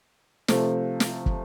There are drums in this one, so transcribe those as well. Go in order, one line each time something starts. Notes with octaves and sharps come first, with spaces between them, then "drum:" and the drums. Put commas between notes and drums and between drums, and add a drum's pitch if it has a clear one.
C3 F3 A3, drum: snare
drum: snare
drum: kick